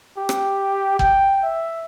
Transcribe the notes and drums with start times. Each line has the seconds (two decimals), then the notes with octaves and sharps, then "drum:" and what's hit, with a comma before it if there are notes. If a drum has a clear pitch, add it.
0.18 G4
0.29 drum: rim click
0.99 G5, drum: kick
1.43 E5